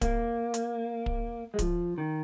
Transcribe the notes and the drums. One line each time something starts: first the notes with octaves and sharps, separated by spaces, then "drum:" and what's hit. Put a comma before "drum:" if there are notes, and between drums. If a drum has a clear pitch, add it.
A#3, drum: kick, hi-hat
drum: hi-hat
drum: kick
G#3
F3, drum: kick, hi-hat
D#3